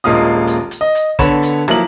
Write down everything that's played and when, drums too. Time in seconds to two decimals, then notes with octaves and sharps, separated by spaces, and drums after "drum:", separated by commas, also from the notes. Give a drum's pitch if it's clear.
0.04 D#1 A#1 G#3 A#3 F4 D#6
0.47 drum: hi-hat
0.71 drum: hi-hat
0.81 D#5
0.95 drum: hi-hat
1.19 D3 B3 A4 C#5 B5 E7, drum: kick, hi-hat
1.43 drum: hi-hat
1.68 F3 F#3 A#3 E4 F#7, drum: rim click